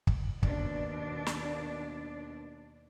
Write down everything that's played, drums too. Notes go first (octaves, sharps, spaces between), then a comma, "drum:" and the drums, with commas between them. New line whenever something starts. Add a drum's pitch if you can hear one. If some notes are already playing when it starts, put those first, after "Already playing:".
drum: kick
D#2 B2 D4 D5, drum: kick
drum: snare